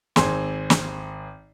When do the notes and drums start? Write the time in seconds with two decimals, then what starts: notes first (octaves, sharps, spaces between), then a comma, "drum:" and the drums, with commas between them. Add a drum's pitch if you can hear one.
0.16 G#1 C4 G#4 C6, drum: snare
0.70 drum: snare